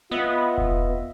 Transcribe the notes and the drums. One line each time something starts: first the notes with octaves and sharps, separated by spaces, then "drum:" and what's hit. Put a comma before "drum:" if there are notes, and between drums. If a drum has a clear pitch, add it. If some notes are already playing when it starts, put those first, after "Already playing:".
B3 F4 D#5 E5
drum: kick E1